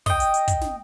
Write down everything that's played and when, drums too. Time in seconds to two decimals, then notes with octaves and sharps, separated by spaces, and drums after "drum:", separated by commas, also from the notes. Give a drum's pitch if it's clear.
0.06 D#5 G5, drum: kick, open hi-hat
0.20 drum: hi-hat
0.34 drum: hi-hat
0.48 drum: kick, hi-hat
0.61 drum: snare